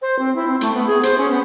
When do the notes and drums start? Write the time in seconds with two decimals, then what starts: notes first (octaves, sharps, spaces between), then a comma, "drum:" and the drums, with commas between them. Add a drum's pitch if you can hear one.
0.02 C5
0.19 C4
0.36 E4
0.48 C4
0.61 A3, drum: hi-hat
0.74 B3
0.87 G#4
1.03 C5, drum: hi-hat
1.18 C#4
1.30 B3